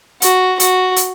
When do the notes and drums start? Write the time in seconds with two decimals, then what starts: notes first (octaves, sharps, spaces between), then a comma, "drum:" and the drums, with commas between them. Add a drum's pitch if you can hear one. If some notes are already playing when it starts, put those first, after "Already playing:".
0.22 F#4, drum: hi-hat
0.60 F#4, drum: hi-hat
0.96 drum: hi-hat